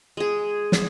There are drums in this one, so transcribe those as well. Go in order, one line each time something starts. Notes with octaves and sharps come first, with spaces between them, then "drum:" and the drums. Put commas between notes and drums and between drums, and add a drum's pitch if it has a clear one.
G#3 G#4
drum: snare